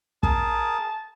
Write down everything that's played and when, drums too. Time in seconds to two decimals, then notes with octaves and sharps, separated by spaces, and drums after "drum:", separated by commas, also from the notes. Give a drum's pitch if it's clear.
0.23 G#4 A#4 A5, drum: kick